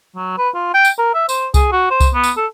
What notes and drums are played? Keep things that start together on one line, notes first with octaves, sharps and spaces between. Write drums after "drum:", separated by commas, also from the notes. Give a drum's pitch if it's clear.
F#3
B4
F4
G5
drum: tambourine
A#4
E5
C5, drum: tambourine
G#4, drum: kick C2, tambourine
F#4
C5
drum: kick C2, tambourine
B3
drum: tambourine
A4